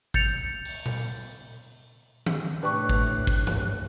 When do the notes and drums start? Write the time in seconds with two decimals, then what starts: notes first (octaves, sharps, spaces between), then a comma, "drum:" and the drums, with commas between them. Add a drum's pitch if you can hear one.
0.14 G6 A6 C#7 F7, drum: kick
0.65 drum: open hi-hat
0.86 drum: tom A#2
2.26 drum: tom D#3
2.63 A2 C3 D4 G4 B4 C#6 F#6
2.89 drum: kick
3.27 drum: kick
3.47 drum: tom G2